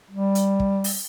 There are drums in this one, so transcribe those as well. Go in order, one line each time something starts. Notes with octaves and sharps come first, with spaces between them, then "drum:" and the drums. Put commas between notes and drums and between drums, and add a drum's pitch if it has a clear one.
G3
drum: hi-hat
drum: kick
drum: open hi-hat